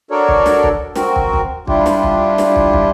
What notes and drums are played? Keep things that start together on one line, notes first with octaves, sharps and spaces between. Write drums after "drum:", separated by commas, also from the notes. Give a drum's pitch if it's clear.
D4 F#4 A4 A#4 C#5 D5
drum: kick
drum: snare
drum: kick
C4 F#4 A#4, drum: snare
drum: kick
drum: kick
G3 D4 E4 F4 G4, drum: kick
drum: snare
drum: kick
drum: snare
drum: kick
drum: kick